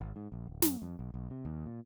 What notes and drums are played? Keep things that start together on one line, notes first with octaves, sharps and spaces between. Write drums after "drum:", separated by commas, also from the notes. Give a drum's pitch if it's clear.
G#1
G#2
A#1
D1
F#2, drum: snare
F2
B1
B1
C3
D#2
A#2